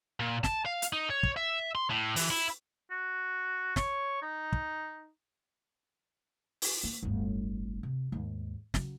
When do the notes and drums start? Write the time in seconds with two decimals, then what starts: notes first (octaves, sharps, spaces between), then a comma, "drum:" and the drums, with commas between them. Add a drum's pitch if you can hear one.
0.20 A#2
0.44 A5, drum: snare
0.66 F5
0.82 drum: hi-hat
0.93 D#4
1.10 C#5
1.23 drum: kick
1.37 E5
1.75 C6
1.90 A2
2.16 E3, drum: open hi-hat
2.31 E4
2.91 F#4
3.76 C#5, drum: snare
4.22 D#4
4.52 drum: kick
6.62 drum: open hi-hat
6.84 A#3
7.03 D1 G1
7.83 C3
8.12 D#2 G#2
8.74 C#3 F#3, drum: snare